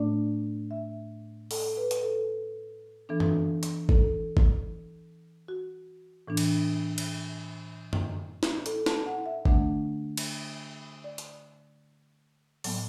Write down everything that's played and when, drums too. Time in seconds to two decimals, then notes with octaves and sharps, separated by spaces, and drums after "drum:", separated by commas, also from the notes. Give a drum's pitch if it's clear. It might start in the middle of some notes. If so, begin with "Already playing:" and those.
Already playing: A2 A3 D4 D5
0.71 E5
1.51 A4, drum: open hi-hat
1.77 B4
1.91 drum: hi-hat
2.03 A4
3.09 E3 B3 D4 A4
3.20 drum: tom F#2
3.63 drum: hi-hat
3.89 A4, drum: kick
4.37 drum: kick
5.48 F#4
6.28 A2 E3 B3 D4
6.37 drum: cymbal
6.98 drum: cymbal
7.93 drum: tom F#2
8.43 drum: snare
8.66 A4, drum: hi-hat
8.86 A5, drum: snare
9.06 F#5
9.26 E5
9.45 D3 A3 D4 F#5, drum: kick
10.17 drum: cymbal
11.04 D5
11.18 drum: hi-hat
12.64 A2 F#3 B3, drum: open hi-hat